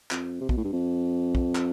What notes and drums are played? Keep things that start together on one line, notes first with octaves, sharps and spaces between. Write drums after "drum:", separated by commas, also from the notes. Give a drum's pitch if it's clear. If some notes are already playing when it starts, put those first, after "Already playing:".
F2, drum: clap
C3
B2, drum: kick
A2
G2
F2
drum: kick
drum: clap